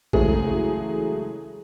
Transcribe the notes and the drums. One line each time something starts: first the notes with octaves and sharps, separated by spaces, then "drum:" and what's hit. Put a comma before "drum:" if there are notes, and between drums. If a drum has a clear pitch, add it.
C#3 E3 F#3 G#3 A3 G#4, drum: kick